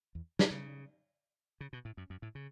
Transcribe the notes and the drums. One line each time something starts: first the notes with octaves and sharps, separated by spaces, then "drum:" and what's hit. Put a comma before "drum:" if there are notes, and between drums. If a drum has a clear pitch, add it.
E2
C#3, drum: snare
C#3
C#3
B2
A2
F#2
F#2
A2
C#3